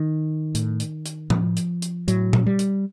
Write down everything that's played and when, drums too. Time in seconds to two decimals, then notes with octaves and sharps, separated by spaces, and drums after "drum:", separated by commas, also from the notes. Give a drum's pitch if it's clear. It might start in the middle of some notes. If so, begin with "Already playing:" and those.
Already playing: D#3
0.55 A2, drum: hi-hat
0.80 drum: hi-hat
1.05 drum: hi-hat
1.30 A2 F3, drum: tom A2
1.56 drum: hi-hat
1.82 drum: hi-hat
2.08 A2 F#3, drum: hi-hat
2.33 drum: tom A#2
2.46 G3
2.59 drum: hi-hat